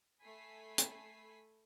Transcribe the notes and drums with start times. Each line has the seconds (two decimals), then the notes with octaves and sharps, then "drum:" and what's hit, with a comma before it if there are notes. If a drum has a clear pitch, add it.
0.23 A3 A4 G#5 B5 B6 C7
0.78 drum: hi-hat